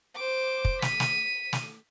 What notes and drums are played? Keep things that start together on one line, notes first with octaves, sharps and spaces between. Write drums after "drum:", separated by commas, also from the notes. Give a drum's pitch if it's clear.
C5 D6
drum: kick
B6 D#7, drum: snare
drum: snare
drum: snare